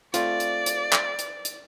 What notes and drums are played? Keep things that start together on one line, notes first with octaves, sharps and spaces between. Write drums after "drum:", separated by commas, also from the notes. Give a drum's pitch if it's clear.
A3 C4 F4 D5, drum: hi-hat
drum: hi-hat
drum: hi-hat
drum: clap
drum: hi-hat
drum: hi-hat